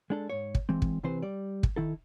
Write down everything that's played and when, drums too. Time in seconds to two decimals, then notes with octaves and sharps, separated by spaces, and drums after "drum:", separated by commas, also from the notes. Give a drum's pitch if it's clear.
0.10 G#3 D4 A4
0.30 G#2 C#5
0.55 drum: kick
0.69 E3 G#3 C4
0.82 drum: kick
1.03 C3 E3 C4 B4 C5
1.22 G3 D5
1.63 drum: kick
1.76 D#3 E4 A4